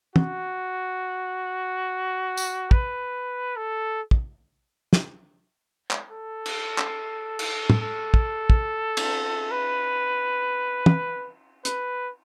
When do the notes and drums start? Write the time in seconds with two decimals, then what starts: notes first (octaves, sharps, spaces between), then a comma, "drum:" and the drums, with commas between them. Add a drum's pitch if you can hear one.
0.16 F#4, drum: tom
2.37 drum: tambourine
2.71 B4, drum: kick
3.57 A4
4.11 drum: kick
4.93 drum: snare
5.91 drum: clap
6.11 A4
6.46 drum: cymbal
6.78 drum: clap
7.39 drum: cymbal
7.70 drum: tom
7.82 A4
8.14 drum: kick
8.50 drum: kick
8.97 drum: cymbal
9.51 B4
10.86 drum: tom
11.65 B4, drum: hi-hat